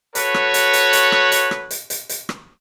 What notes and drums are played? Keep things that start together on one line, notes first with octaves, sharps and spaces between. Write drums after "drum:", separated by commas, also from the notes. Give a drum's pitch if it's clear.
F#4 A4 B4 C#5, drum: hi-hat
drum: rim click
drum: hi-hat
drum: hi-hat
drum: hi-hat
drum: rim click
drum: hi-hat
drum: rim click
drum: hi-hat
drum: hi-hat
drum: hi-hat
drum: rim click